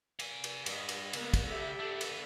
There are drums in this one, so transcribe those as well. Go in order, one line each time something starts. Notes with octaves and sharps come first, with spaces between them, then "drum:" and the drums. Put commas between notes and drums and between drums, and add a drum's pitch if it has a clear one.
F5 G#5, drum: cymbal
drum: cymbal
G2 D#5, drum: cymbal
drum: cymbal
C#3 G#3 A#3 B3, drum: cymbal
drum: kick, cymbal
G4 A4 E5
B3 D4
drum: cymbal